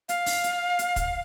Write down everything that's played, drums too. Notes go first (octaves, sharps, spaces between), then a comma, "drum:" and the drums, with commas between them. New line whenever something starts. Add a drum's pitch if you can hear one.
F5, drum: hi-hat
drum: open hi-hat
drum: hi-hat
drum: hi-hat
drum: kick, hi-hat